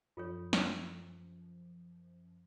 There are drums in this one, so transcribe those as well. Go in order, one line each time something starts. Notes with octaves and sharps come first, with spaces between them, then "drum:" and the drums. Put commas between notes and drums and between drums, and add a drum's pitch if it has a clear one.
F#2 F3 F4 A4 C#5
drum: snare